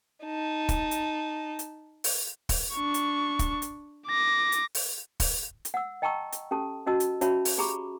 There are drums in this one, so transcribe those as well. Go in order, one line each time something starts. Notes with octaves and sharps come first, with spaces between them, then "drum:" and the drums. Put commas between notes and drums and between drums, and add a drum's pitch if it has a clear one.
D#4 A5
drum: kick, hi-hat
drum: hi-hat
drum: hi-hat
drum: open hi-hat
drum: kick, open hi-hat
D4 C#6
drum: hi-hat
drum: kick, hi-hat
drum: hi-hat
D6 A#6
drum: hi-hat
drum: open hi-hat
drum: kick, open hi-hat
drum: hi-hat
F#5 E6
D#5 G5 A5 A#5 C#6 E6
drum: hi-hat
C#4 G4 A4 A5
C#4 F#4 D#5 A5 E6
drum: hi-hat
C#4 F#4 C#5 E5 A5 B5, drum: hi-hat
drum: open hi-hat
G4 G#4 A#5 B5 C#6 D6